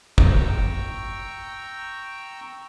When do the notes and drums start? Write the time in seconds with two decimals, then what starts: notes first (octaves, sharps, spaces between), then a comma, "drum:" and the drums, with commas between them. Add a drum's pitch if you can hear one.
0.18 G5 A#5 C#6 E6, drum: kick